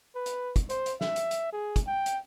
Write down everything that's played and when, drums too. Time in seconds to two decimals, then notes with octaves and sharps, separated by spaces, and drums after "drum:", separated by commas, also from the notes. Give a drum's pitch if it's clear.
0.15 B4
0.26 drum: hi-hat
0.56 drum: kick, hi-hat
0.69 C5, drum: hi-hat
0.86 drum: hi-hat
1.01 E5, drum: snare
1.16 drum: hi-hat
1.31 drum: hi-hat
1.53 G#4
1.76 drum: kick, hi-hat
1.87 G5
2.06 drum: hi-hat